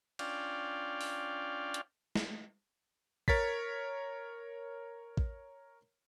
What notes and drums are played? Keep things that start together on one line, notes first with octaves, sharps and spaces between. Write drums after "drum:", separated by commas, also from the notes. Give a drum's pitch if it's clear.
C#4 D4 F4 D5 F5 G5, drum: cymbal
drum: open hi-hat
drum: hi-hat
drum: snare
A#4 C#5 A6 B6, drum: kick A1
drum: kick A1